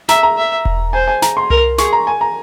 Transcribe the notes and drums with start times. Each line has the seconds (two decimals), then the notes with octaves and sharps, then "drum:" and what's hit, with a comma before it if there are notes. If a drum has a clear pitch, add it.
0.09 E5 A#5, drum: snare
0.23 A#5
0.37 E5
0.65 drum: kick E1
0.93 C5 G#5
1.07 G#5
1.22 A#5, drum: snare
1.37 C6
1.50 A#4, drum: tom C2
1.78 G#4 C#6, drum: snare
1.93 A#5
2.07 G#5
2.21 A#5